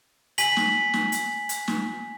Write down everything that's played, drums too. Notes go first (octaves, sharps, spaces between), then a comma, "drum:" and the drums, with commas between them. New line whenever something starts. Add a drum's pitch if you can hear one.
G#5 B6 F#7, drum: hi-hat
drum: snare
drum: snare
drum: hi-hat
drum: hi-hat
drum: snare